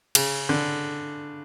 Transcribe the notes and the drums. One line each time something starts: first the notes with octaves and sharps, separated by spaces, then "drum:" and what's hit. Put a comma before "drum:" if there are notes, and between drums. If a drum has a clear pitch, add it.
C#3, drum: cymbal
D3